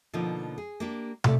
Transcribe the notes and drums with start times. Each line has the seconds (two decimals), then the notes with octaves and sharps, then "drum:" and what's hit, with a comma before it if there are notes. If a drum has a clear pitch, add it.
0.13 B2 D3 F3 A#3 D#4
0.58 G#4
0.80 A#3 D4 G4
1.24 C3 A3 D5, drum: tom